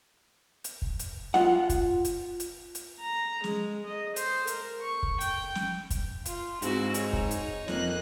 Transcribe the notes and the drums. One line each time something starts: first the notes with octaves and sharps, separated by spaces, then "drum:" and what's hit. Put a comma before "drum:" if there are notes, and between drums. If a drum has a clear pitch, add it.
drum: hi-hat
drum: kick
drum: hi-hat
F4 F#5, drum: snare
drum: kick, hi-hat
drum: hi-hat
drum: hi-hat
drum: hi-hat
A#5
G#3, drum: snare
D#5
C5, drum: hi-hat
A#4, drum: hi-hat
C#6
drum: kick
G5, drum: hi-hat
drum: snare
drum: kick, hi-hat
F4, drum: hi-hat
G#2 C4 E4 F#4, drum: hi-hat
D#4 C#5, drum: hi-hat
drum: kick
drum: hi-hat
F2 A#3 D#5 F#6, drum: snare